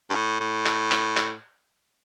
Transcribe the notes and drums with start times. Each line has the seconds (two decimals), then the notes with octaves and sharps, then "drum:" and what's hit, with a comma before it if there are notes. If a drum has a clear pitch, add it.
0.10 G2
0.15 A2
0.40 A2
0.66 drum: clap
0.92 drum: clap
1.17 drum: clap